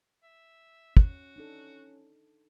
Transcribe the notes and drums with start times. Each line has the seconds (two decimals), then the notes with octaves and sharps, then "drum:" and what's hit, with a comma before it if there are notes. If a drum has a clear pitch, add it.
0.23 E5
0.97 C#4 F#4, drum: kick
1.36 D4 D#4 A4